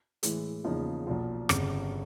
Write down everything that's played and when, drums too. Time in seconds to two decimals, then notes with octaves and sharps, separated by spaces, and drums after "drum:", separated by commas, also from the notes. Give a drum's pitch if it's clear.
0.23 A2 E3 G#3, drum: hi-hat
0.64 E2 C#3 F3 A#3 D#4
1.07 B1 A#2 F3
1.49 G1 F2 C#3, drum: rim click